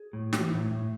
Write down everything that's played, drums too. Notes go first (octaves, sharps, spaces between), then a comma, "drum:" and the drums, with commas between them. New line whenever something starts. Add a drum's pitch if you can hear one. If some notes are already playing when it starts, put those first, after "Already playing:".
Already playing: G#4
A2
E3, drum: snare
A2
A2